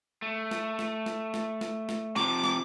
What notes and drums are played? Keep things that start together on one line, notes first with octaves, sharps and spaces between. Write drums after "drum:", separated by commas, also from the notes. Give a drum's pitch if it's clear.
A3
drum: snare
drum: snare
drum: snare
drum: snare
drum: snare
drum: snare
C3 F3 D6, drum: snare
drum: snare